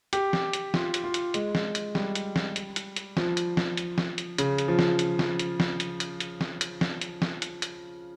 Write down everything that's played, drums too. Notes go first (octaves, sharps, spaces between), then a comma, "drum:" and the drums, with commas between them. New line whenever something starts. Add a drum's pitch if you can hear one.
G4, drum: hi-hat
drum: snare
drum: hi-hat
F4, drum: snare
drum: hi-hat
F4
drum: hi-hat
G#3, drum: hi-hat
drum: snare
drum: hi-hat
G3, drum: snare
drum: hi-hat
drum: snare
drum: hi-hat
drum: hi-hat
drum: hi-hat
F3, drum: snare
drum: hi-hat
drum: snare
drum: hi-hat
drum: snare
drum: hi-hat
C#3, drum: hi-hat
drum: hi-hat
F3
drum: snare
drum: hi-hat
drum: snare
drum: hi-hat
drum: snare
drum: hi-hat
drum: hi-hat
drum: hi-hat
drum: snare
drum: hi-hat
drum: snare
drum: hi-hat
drum: snare
drum: hi-hat
drum: hi-hat